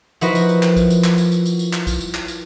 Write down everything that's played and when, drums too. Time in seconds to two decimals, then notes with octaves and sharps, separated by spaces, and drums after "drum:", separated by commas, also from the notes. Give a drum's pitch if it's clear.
0.21 F3 D#4 E4 F#4 A#4 B4, drum: tambourine
0.35 drum: tambourine
0.49 drum: tambourine
0.63 drum: clap
0.76 drum: kick A#1, tambourine
0.90 drum: tambourine
1.04 drum: clap
1.18 drum: tambourine
1.32 drum: tambourine
1.45 drum: tambourine
1.59 drum: tambourine
1.73 drum: clap
1.87 drum: kick A#1, tambourine
2.01 drum: tambourine
2.14 drum: clap
2.28 drum: tambourine